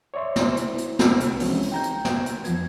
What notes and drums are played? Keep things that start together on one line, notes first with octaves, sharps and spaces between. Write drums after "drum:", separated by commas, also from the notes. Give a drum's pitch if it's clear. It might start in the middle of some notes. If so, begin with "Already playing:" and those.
C#5 D5 E5 C6
E4 C5, drum: snare
drum: hi-hat
drum: hi-hat
drum: snare
C2, drum: hi-hat
E3 F3 G#3 C4 C#4 D#4, drum: open hi-hat
drum: open hi-hat
G5 A#5 G6
drum: hi-hat
drum: snare
drum: hi-hat
F2 E3 F3 B3 G#6, drum: hi-hat